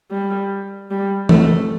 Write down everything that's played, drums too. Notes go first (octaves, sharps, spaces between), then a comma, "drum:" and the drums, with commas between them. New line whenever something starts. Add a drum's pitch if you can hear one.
G3
G3
A3, drum: tom E3